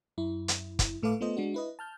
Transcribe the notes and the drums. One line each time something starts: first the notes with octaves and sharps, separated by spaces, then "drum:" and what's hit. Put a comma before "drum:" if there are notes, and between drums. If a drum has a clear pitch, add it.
F#2 E4
drum: hi-hat
drum: kick, hi-hat
A2 A3 A4 B4 F5 D6
A3 B3 F4 A4 C5 D#5
G#3 D4 F#4
E4 B4 D#5
A5 F6 G6